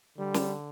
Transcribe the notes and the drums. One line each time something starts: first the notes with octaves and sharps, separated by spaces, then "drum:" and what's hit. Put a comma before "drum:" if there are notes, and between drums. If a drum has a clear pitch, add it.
D3 G3
drum: snare